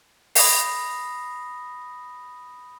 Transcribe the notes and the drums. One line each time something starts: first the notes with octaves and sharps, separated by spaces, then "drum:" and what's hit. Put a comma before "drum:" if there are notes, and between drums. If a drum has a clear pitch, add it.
B5 D#6 A#6 C7, drum: open hi-hat